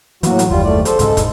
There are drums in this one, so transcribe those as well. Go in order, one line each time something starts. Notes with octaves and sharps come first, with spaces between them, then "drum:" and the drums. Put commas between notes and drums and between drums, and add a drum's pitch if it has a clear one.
A2 E3 F#3 A#3 F#4, drum: hi-hat
drum: hi-hat
F#1 D#2 G3 F4
G#2 A3 D5
A4 C5, drum: hi-hat
C2 G#2 C#3 G#3 A4, drum: hi-hat
E1 G#2, drum: kick, hi-hat